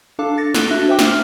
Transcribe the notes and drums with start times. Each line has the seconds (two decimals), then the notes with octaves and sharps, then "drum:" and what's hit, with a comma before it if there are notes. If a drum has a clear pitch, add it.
0.19 D4 A4 F5 A5 D6
0.38 A6 A#6 C#7
0.54 F#6 G7, drum: snare
0.71 D4 F#4 E5
0.89 C5 E5 G5 D6
0.99 drum: snare
1.08 F6